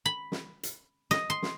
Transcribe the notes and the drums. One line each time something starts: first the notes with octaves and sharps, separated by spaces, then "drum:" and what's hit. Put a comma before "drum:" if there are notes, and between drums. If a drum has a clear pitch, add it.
B5
drum: snare
drum: hi-hat
D#5, drum: snare
C6
drum: snare